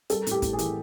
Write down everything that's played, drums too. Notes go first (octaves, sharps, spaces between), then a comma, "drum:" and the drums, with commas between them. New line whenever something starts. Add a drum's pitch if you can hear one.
G3 A4, drum: hi-hat
A2 G4, drum: hi-hat
A2, drum: kick, hi-hat
G#4
E3, drum: hi-hat